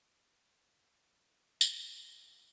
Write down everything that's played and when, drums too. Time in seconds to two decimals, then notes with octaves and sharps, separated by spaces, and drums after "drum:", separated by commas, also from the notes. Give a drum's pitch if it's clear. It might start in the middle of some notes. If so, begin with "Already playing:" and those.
Already playing: D#4
0.09 G4
0.26 D#4
0.43 A#3
0.60 F3
0.76 D4
0.93 D4
1.10 F3
1.27 A3
1.44 G4
1.61 D4, drum: tambourine
1.77 G4
1.94 C#4
2.11 F3
2.28 C#4